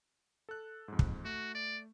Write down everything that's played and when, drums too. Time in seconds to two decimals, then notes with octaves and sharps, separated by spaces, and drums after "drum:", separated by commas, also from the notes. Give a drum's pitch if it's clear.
0.49 A4 F#6
0.88 F2 G#2
0.99 drum: kick
1.25 A3 F#4
1.55 D5